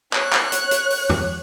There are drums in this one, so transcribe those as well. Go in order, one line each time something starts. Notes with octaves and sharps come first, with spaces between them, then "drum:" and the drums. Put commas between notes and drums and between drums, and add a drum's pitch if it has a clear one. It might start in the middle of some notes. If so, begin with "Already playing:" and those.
C#5 F#6, drum: clap
drum: clap
drum: hi-hat
drum: hi-hat
drum: open hi-hat
drum: tom E2